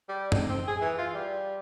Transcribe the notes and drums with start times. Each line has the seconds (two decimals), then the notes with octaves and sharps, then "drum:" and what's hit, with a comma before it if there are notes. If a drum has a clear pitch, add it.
0.09 G3
0.32 D#4, drum: tom
0.49 C4
0.67 G#4
0.81 E3
0.98 F4
1.14 G3